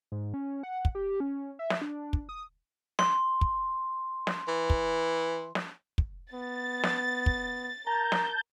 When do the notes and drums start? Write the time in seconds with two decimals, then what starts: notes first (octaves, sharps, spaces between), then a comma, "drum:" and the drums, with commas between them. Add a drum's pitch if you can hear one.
0.12 G#2
0.34 C#4
0.63 F#5
0.85 drum: kick
0.95 G4
1.20 C#4
1.59 E5
1.70 drum: snare
1.82 D4
2.13 drum: kick
2.29 D#6
2.99 C6, drum: snare
3.41 drum: kick
4.27 drum: snare
4.48 E3
4.70 drum: kick
5.55 drum: snare
5.98 drum: kick
6.33 B3 A6
6.84 drum: snare
7.26 drum: kick
7.87 A#4 A5 A#5 G6
8.12 drum: snare